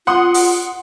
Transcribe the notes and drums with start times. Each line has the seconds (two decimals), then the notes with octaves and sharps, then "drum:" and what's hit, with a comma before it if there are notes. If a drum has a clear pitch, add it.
0.07 F4 F#5 C6 D#6
0.34 drum: open hi-hat